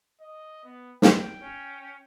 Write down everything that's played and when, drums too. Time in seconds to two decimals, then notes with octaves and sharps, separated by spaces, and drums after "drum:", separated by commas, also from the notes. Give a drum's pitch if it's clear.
0.21 D#5
0.64 B3
1.02 G5, drum: snare
1.39 C#4